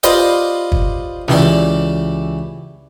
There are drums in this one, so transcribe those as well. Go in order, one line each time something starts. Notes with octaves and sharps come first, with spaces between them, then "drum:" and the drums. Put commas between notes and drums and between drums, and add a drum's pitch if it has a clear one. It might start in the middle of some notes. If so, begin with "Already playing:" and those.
F4 G4 B4 C5 D5 D#5, drum: hi-hat
drum: kick
C#2 E3 G4 D5, drum: snare